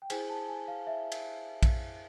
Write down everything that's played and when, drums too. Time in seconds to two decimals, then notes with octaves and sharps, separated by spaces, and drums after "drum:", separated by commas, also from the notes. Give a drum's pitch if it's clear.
0.02 G5
0.10 E4 G#4 C5 G#5, drum: cymbal
0.29 A5
0.48 G#5
0.68 F5
0.87 E5
1.12 drum: cymbal
1.63 drum: kick A#1, cymbal